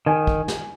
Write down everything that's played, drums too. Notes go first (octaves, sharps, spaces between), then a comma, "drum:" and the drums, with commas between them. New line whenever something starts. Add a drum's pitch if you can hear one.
D#3 G#5
drum: kick
drum: snare